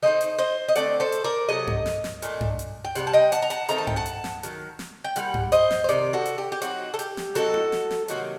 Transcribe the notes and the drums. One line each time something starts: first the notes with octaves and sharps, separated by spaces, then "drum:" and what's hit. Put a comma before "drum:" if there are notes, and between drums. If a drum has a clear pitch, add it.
D#3 A3 C4 D#4 C5 D#5
drum: hi-hat
C5 D#5
D#5
D3 A3 C4 D5 F#5, drum: hi-hat
A4 C5
drum: hi-hat
A#4 D5
C3 F#3 A3 D#5
drum: tom G2
drum: snare
drum: snare
A#2 A3 D4, drum: hi-hat
drum: tom G2
drum: hi-hat
G5
C3 G3 D4 F#5, drum: hi-hat
A5
D#5 G5
F#5 A5, drum: hi-hat
A#5
F#5 A5, drum: hi-hat
D#3 A3 C4 D#4 A#5, drum: hi-hat
A5
G5, drum: tom G2
F#5 A5
drum: hi-hat
drum: snare
D#3 F#3, drum: hi-hat
drum: snare
G5
A#2 G3 F#5, drum: hi-hat
drum: tom G2
C5 D#5, drum: hi-hat
drum: snare
C5
C3 D#3 D5, drum: hi-hat
F#4 A4
drum: hi-hat
G4
G4
F#3 C4 D#4 F#4, drum: hi-hat
A4
G4, drum: hi-hat
drum: snare
F#3 C4 D#4 F#4 A4, drum: hi-hat
drum: tom E4
drum: snare
drum: snare
C3 D#3 F#3 A#3 F#4, drum: hi-hat